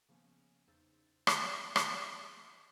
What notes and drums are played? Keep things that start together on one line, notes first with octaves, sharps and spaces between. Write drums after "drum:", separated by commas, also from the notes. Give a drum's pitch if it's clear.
C#3 F3 A#3 B3 C#4
E2 C#3 D#4 C5 E6 A6
drum: rim click
C#4 C#5 E5
D4, drum: rim click